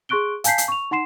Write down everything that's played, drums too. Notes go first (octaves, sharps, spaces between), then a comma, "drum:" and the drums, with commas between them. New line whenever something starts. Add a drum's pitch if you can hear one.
G#4 C6 C#6 F#6 D7 G7
F5 G#5 A5 G6 B6 C7, drum: hi-hat
drum: hi-hat
C#6 F7
D#4 F#5 C6 C7 E7